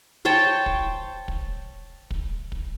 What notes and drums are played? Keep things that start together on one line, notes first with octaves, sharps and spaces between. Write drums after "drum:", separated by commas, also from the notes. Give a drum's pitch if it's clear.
C5 C#5 G5 A5
drum: kick
drum: kick
drum: kick
drum: kick